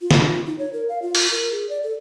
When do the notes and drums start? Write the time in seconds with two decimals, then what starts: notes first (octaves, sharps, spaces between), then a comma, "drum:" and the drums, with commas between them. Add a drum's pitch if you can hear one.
0.01 F4
0.11 drum: snare
0.20 F4
0.46 D#4
0.59 C#5
0.73 A#4
0.89 F5
1.02 F4
1.15 drum: open hi-hat
1.31 A#4
1.51 G#4
1.69 D5
1.83 A4